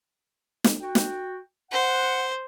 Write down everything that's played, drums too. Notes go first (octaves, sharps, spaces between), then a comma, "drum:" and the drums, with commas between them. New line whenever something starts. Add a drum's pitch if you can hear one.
drum: snare
F#4 G5
drum: snare
C5 F#5